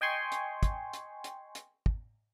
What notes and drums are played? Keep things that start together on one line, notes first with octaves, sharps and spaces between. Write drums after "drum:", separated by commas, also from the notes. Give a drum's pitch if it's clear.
D#5 G5 G#5 C6 C#6
drum: hi-hat
drum: kick, hi-hat
drum: hi-hat
drum: hi-hat
drum: hi-hat
drum: kick